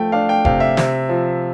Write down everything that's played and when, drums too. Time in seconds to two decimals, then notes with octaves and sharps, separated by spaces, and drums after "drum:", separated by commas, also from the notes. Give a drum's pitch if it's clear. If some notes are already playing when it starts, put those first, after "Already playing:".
Already playing: F3 A3 G5
0.12 D4 F5
0.29 G5
0.45 C3 F5, drum: kick F1
0.60 E5
0.77 C3, drum: snare
1.09 F3